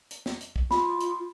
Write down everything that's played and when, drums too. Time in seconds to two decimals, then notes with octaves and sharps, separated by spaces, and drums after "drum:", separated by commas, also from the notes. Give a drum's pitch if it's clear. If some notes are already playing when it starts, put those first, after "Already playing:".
0.11 drum: hi-hat
0.26 drum: snare
0.41 drum: hi-hat
0.56 drum: kick
0.71 F4 B5, drum: snare
1.01 drum: hi-hat